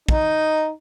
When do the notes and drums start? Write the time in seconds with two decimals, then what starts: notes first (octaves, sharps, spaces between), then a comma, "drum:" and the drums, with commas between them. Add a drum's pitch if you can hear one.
0.09 D#4, drum: kick